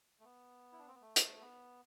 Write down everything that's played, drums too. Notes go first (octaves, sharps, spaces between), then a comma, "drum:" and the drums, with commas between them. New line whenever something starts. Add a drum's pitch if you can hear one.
A3
B3
E4
D4
C4
B3
A3
drum: hi-hat
B3